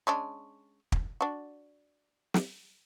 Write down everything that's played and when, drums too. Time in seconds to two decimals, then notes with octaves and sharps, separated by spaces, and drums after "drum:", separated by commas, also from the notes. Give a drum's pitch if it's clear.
0.07 G#3 C#4 D4
0.92 drum: kick
1.21 D4 F#4
2.34 drum: snare